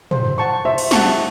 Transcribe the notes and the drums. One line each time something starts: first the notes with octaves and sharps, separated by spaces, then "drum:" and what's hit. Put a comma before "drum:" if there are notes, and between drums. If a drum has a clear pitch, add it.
C5, drum: tom
F#5 A5 C#6
C5 E5
drum: cymbal
F#5 A5 C#6, drum: snare